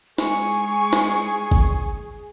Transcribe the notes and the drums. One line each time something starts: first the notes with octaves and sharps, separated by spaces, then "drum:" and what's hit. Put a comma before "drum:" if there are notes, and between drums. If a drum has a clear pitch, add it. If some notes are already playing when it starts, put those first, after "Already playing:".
G#3 G#4 G#5 C#6, drum: snare
drum: snare
drum: kick G1